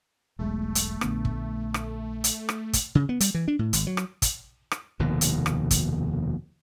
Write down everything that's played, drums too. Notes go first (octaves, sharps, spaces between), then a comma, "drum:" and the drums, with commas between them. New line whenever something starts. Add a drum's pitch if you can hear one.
E1 B1 G#3 A3
drum: hi-hat
A#1 D3 B3, drum: rim click
drum: kick
drum: rim click
drum: hi-hat
drum: rim click
drum: kick, hi-hat
C#3
B3
G3, drum: hi-hat
E3
D4
A2
G#1, drum: hi-hat
F#3
drum: rim click
drum: kick, hi-hat
drum: rim click
F1 D#2 B2 D#3
drum: hi-hat
drum: rim click
drum: kick, hi-hat